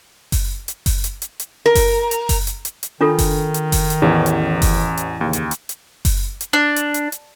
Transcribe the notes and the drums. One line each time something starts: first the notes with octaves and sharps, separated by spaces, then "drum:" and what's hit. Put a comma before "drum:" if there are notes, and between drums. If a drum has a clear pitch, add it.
drum: kick F#1, open hi-hat
drum: hi-hat
drum: kick F#1, open hi-hat
drum: hi-hat
drum: hi-hat
drum: hi-hat
A#4
drum: kick F#1, open hi-hat
drum: hi-hat
drum: kick F#1, open hi-hat
drum: hi-hat
drum: hi-hat
drum: hi-hat
D#3 D4 F4 A4
drum: kick F#1, open hi-hat
drum: hi-hat
drum: kick F#1, open hi-hat
drum: hi-hat
A1 E2
drum: hi-hat
drum: kick F#1, open hi-hat
drum: hi-hat
D#2 C#3
drum: hi-hat
drum: hi-hat
drum: hi-hat
drum: kick F#1, open hi-hat
drum: hi-hat
D4
drum: hi-hat
drum: hi-hat
drum: hi-hat